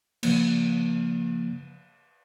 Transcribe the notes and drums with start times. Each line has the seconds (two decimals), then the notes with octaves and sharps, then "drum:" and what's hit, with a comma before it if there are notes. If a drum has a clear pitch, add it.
0.23 C#3 F3 A#3, drum: cymbal